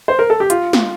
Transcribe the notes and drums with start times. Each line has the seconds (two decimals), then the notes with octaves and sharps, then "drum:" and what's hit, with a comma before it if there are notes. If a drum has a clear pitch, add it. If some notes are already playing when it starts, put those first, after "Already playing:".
0.08 C5
0.19 A#4
0.30 A4
0.40 G4
0.50 F4, drum: hi-hat
0.73 drum: snare